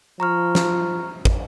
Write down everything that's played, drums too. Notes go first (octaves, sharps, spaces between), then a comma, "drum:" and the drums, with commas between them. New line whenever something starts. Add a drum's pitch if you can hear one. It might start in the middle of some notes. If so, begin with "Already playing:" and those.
F3 A#5 C#6 F6
drum: snare
drum: kick